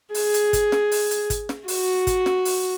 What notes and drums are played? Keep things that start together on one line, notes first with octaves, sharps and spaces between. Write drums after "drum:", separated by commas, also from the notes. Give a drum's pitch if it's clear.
G#4, drum: open hi-hat
drum: hi-hat
drum: kick, hi-hat
drum: snare
drum: open hi-hat
drum: hi-hat
drum: kick, hi-hat
drum: snare
F#4, drum: open hi-hat
drum: kick, hi-hat
drum: snare
drum: open hi-hat